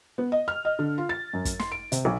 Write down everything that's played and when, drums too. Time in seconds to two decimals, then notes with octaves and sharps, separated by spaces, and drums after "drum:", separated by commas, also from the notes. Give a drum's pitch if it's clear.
0.18 B3
0.32 D#5
0.48 F6
0.65 D#5
0.79 D3
0.98 F4
1.09 A6
1.33 F#2
1.45 drum: kick, hi-hat
1.59 C6, drum: snare
1.72 D7
1.92 C3, drum: hi-hat
2.05 B1